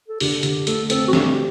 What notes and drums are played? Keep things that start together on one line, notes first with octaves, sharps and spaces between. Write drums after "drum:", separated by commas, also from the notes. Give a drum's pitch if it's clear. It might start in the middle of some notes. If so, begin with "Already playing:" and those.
A4
D3 G4, drum: open hi-hat
D3, drum: hi-hat
A3 A4, drum: hi-hat
C4 A4, drum: hi-hat
F#4
D4 G4, drum: snare